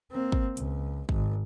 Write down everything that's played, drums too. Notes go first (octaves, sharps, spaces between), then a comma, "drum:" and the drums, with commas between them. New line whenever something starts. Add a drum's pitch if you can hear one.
A#3 C4
drum: kick
C#2, drum: hi-hat
G#1, drum: kick